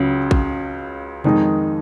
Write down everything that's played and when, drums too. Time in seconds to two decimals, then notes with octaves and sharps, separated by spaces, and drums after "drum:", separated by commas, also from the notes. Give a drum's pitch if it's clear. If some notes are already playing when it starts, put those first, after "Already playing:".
Already playing: C#2 C#3 F#3 C#4
0.31 drum: kick
1.24 F2 D#3 G#3 D#4, drum: tom B2